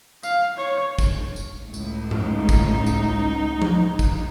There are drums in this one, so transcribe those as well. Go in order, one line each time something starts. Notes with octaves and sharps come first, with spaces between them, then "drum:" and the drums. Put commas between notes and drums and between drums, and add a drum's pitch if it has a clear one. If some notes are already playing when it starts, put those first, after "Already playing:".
F5, drum: tambourine
C#5
drum: kick, tambourine
drum: tambourine
C#2 A2
drum: tambourine
drum: tom G#2
D#4
drum: kick, tambourine
drum: tambourine
drum: tom F3
drum: kick, tambourine